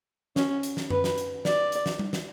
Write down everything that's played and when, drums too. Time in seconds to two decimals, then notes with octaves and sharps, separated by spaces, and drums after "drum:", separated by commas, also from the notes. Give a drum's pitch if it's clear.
0.36 C#4, drum: snare
0.63 drum: hi-hat
0.77 drum: snare
0.90 B4, drum: tom F#2
1.04 drum: snare
1.18 drum: hi-hat
1.45 D5, drum: snare
1.72 drum: hi-hat
1.86 drum: snare
1.99 drum: tom G3
2.13 drum: snare